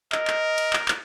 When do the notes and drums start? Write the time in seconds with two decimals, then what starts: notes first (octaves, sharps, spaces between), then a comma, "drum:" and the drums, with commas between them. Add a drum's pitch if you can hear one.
0.12 A#4 D#5, drum: clap
0.27 drum: clap
0.58 drum: cymbal
0.73 drum: clap
0.88 drum: clap